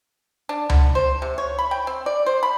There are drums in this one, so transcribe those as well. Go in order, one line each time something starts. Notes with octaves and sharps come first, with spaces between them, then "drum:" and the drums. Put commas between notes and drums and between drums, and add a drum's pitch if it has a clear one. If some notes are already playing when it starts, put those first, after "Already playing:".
D4
D3, drum: tom C#2
C5
C3
C#5
B5
G5
C4
D5
C5
B5